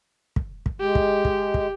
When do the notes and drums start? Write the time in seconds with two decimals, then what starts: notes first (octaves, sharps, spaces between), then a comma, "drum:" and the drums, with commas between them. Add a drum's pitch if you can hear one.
0.36 drum: kick
0.66 drum: kick
0.81 G#3 G4
0.95 drum: kick
1.25 drum: kick
1.54 drum: kick